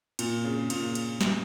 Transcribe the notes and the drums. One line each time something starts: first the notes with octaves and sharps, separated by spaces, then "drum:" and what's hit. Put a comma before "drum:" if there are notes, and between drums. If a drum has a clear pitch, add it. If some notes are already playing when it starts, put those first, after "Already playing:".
A#2, drum: cymbal
C#3
A#2, drum: cymbal
drum: cymbal
drum: snare